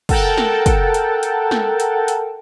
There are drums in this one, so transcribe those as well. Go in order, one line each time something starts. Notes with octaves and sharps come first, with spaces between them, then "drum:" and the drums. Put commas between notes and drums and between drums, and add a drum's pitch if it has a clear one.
A4 A#4 F#5 G5 A5, drum: kick, open hi-hat
drum: snare
drum: kick, hi-hat
drum: hi-hat
drum: hi-hat
drum: snare
drum: hi-hat
drum: hi-hat